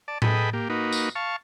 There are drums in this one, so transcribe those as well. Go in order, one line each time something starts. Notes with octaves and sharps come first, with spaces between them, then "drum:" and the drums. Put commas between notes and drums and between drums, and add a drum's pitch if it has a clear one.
D5 A5
G#4 A4 B4 D#5 G5 B5, drum: tom A2
A#3 G4
A#3 D#4 F#4 B4
drum: tambourine
F5 A5 C#6